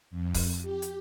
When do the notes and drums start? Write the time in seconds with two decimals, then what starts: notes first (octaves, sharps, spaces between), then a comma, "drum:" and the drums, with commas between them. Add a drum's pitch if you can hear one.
0.10 F2
0.34 drum: kick, open hi-hat
0.62 G4
0.82 drum: hi-hat